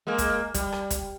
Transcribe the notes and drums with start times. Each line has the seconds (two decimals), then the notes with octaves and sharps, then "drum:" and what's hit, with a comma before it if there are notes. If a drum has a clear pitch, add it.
0.07 G#3 A#3
0.18 drum: kick, hi-hat
0.54 G3, drum: kick, hi-hat
0.72 drum: rim click
0.90 drum: kick, hi-hat